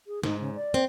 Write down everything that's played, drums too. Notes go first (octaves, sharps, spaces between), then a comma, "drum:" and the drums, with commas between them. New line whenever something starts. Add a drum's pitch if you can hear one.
G#4
G#2 D#4, drum: snare
C#3
D5
C4